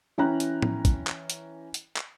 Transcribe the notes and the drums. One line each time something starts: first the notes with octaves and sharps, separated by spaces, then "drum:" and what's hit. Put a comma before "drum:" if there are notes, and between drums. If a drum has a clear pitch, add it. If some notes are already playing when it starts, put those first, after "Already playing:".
E3 C#4 G5 A#5 F#6
drum: hi-hat
drum: tom A2
drum: kick, hi-hat
drum: clap
drum: hi-hat
drum: hi-hat
drum: clap